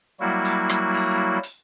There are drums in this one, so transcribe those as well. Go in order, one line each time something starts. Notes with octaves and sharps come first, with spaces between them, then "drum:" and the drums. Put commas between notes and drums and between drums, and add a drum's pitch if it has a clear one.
F#3 G3 A#3 E4 F#4
drum: hi-hat
drum: rim click
drum: open hi-hat
drum: hi-hat